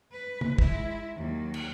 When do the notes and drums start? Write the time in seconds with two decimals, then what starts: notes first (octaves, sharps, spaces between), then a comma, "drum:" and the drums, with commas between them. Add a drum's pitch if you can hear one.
0.12 B4
0.41 drum: tom
0.58 G#3 E4, drum: kick
1.17 D#2 F#3
1.54 drum: cymbal